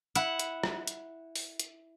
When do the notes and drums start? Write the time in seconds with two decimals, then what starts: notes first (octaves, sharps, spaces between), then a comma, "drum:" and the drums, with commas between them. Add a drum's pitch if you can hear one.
0.15 E4 F#5, drum: hi-hat
0.39 drum: hi-hat
0.63 drum: rim click
0.87 drum: hi-hat
1.35 drum: open hi-hat
1.59 drum: hi-hat